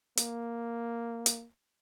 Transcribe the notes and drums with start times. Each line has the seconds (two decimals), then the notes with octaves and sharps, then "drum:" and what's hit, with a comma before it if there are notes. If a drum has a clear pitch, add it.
0.17 A#3, drum: hi-hat
1.26 drum: hi-hat